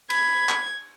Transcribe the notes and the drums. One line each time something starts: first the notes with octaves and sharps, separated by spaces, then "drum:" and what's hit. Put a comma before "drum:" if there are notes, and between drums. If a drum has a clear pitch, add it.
B5 G#6, drum: cymbal
drum: clap